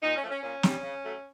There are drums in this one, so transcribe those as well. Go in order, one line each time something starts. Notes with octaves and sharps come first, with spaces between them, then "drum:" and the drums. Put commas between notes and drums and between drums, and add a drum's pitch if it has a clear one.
A#2 D#4
C#4
F3 A3
C#4
A#2 C#4
G3, drum: snare
C#3
F#3 A3